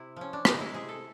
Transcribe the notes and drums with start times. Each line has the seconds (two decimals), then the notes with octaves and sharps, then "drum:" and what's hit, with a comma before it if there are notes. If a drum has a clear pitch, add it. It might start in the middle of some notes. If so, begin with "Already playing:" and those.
Already playing: C3 E4
0.16 F3 C#4
0.33 D4
0.45 G#3 D#4, drum: rim click
0.60 E4
0.73 C3 G#4
0.89 A4